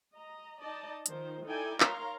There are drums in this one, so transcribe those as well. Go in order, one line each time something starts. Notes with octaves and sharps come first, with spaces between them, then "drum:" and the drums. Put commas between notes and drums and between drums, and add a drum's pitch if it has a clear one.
D#5 A#5
D#4 D5 D#5 A5
D#3 F3 C5, drum: hi-hat
D#4 E4 A4 D5 G5 G#5
A#4 C#5 F5 A#5 C6, drum: clap